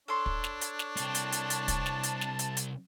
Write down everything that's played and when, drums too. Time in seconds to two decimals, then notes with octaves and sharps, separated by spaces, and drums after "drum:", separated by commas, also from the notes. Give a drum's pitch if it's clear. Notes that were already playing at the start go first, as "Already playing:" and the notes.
0.08 D4 A4 C#5 C6
0.26 drum: kick
0.44 drum: snare
0.61 drum: hi-hat
0.79 drum: snare
0.97 C2 C4 A5, drum: hi-hat
1.15 drum: hi-hat
1.32 drum: hi-hat
1.50 drum: hi-hat
1.68 drum: kick, hi-hat
1.86 drum: snare
2.04 drum: hi-hat
2.21 drum: snare
2.39 drum: hi-hat
2.57 drum: hi-hat